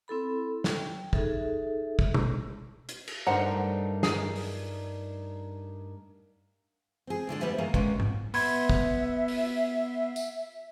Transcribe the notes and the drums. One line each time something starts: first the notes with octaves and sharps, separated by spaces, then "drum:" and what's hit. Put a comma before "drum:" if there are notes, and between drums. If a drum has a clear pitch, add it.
C4 E4 A4 B5
G5, drum: snare
D#4 G#4 A4 E5, drum: kick
drum: kick
drum: tom B2
drum: hi-hat
drum: cymbal
G2 A3 D4 D#4 A#4 C5 F#5 A#5
G#4, drum: snare
drum: open hi-hat
C4 G#4
A2 D3 G#3 D4
G#2 G3 B3 C5 E5 G#5
D#3 G#3 A#3 G#4 F5 A#5
G3 G#3 A#3 B3 C#4, drum: kick
drum: tom G#2
B3 E5 B5 C6 G#6, drum: open hi-hat
drum: kick
drum: open hi-hat
drum: tambourine